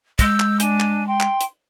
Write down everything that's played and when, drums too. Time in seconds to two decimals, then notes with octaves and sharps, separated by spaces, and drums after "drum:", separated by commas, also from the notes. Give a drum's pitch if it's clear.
0.19 G#3 E6 G6, drum: kick, hi-hat
0.40 drum: clap
0.60 D4 G#5, drum: hi-hat
0.80 drum: clap
1.06 G5 C6
1.20 drum: clap
1.41 drum: hi-hat